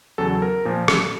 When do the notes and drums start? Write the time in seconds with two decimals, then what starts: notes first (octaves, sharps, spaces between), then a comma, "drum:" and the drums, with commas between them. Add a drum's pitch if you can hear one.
0.18 E2 C#3 F#3 A4
0.42 A#4
0.65 A#2 F3
0.88 drum: rim click